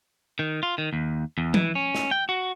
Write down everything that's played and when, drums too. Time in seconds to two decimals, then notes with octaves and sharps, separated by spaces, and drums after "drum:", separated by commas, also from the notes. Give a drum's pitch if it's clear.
0.39 D#3
0.63 F4
0.78 D#3
0.93 D#2
1.38 E2
1.54 E3, drum: tom F3
1.75 C#4
1.95 drum: snare
2.11 G5
2.29 F#4